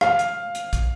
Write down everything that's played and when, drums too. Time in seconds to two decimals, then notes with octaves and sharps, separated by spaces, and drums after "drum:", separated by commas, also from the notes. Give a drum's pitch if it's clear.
0.01 F5, drum: rim click
0.19 drum: hi-hat
0.55 drum: hi-hat
0.73 drum: kick, hi-hat